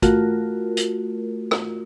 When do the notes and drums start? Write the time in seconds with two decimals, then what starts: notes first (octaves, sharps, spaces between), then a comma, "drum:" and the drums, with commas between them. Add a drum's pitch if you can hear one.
0.02 A3 F4 F#4 A#4, drum: kick, hi-hat
0.77 drum: hi-hat
1.51 drum: rim click